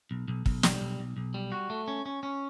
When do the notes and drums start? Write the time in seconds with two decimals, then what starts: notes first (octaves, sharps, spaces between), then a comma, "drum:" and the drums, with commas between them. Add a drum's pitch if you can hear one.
0.11 B1
0.28 B1
0.46 B1, drum: kick
0.63 G3, drum: snare
0.81 B1
0.99 B1
1.17 B1
1.34 G3
1.52 F#4
1.70 A3
1.88 C#4
2.06 C#4
2.23 C#4